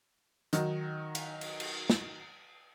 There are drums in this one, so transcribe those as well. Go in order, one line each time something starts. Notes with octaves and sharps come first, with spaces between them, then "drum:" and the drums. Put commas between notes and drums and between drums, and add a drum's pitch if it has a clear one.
D#3 F#3, drum: hi-hat
drum: cymbal
drum: cymbal
drum: cymbal
drum: snare